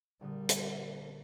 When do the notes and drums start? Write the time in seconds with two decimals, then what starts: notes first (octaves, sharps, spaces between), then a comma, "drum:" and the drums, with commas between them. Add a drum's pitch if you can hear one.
0.21 A#1 D3 G3 D#6
0.49 drum: hi-hat